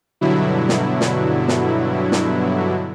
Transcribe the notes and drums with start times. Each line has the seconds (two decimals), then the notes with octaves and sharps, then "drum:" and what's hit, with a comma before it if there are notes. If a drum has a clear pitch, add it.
0.21 G2 B2 D3 F#3 E4
0.69 drum: snare
1.01 drum: snare
1.48 drum: snare
2.12 drum: snare